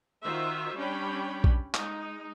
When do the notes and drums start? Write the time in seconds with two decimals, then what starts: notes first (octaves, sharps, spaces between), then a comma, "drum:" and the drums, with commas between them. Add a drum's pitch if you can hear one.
0.23 D#3 F4 F#4 C5 E5
0.76 G3 C#4 D4 C#5 G5 B5
1.44 drum: kick A#1
1.74 G#3 D#4, drum: clap